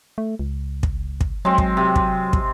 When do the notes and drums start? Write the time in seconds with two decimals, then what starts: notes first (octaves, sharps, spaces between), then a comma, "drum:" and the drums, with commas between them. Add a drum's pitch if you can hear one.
0.18 A3
0.39 C#2
0.83 drum: kick
1.21 drum: kick
1.45 F#3 G#3 C4
1.58 drum: kick
1.77 C3
1.96 drum: kick
2.33 drum: kick